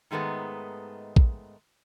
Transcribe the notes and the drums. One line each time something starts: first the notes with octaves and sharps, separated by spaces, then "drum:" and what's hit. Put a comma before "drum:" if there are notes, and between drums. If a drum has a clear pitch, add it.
G#2 D#3 G#3 A3 B3
drum: kick A#1